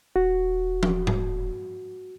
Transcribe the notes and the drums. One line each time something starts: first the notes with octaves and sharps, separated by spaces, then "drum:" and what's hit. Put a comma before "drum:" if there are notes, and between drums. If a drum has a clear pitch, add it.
D#1 F#4
drum: tom F3
drum: tom G#2